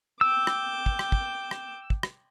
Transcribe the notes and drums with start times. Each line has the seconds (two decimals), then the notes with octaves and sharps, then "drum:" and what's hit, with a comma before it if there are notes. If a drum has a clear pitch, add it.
0.21 G5 D6 E6
0.47 drum: rim click
0.86 drum: kick
0.99 drum: rim click
1.12 drum: kick
1.51 drum: rim click
1.90 drum: kick
2.03 drum: rim click